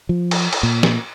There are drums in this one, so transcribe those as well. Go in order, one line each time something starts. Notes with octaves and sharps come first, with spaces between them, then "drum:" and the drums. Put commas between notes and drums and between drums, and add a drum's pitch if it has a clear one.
F3
drum: cymbal
drum: cymbal
A#2
drum: snare